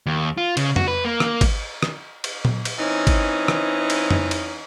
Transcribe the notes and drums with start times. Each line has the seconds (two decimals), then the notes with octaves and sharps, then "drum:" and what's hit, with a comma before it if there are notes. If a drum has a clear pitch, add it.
0.06 D#2
0.37 F4
0.57 C#3, drum: cymbal
0.76 F#4, drum: tom F2
0.88 B4
1.05 A#3
1.20 drum: rim click
1.41 drum: kick, cymbal
1.83 drum: rim click
2.24 drum: cymbal
2.45 drum: tom A#2
2.65 drum: cymbal
2.78 E3 C4 C#4 D#4
3.07 drum: kick, cymbal
3.48 drum: rim click
3.90 drum: cymbal
4.10 drum: tom F2
4.31 drum: cymbal